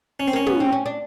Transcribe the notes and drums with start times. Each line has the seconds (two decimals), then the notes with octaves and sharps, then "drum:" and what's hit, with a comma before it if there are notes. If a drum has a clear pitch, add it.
0.20 C#4
0.28 C4
0.33 A#3 C#4
0.46 B3, drum: tom
0.60 C4
0.72 C#4
0.86 D4